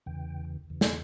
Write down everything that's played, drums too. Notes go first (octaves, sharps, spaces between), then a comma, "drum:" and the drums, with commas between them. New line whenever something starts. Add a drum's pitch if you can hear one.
E2 C#3 E3 G5
E2 C#3 E3
drum: snare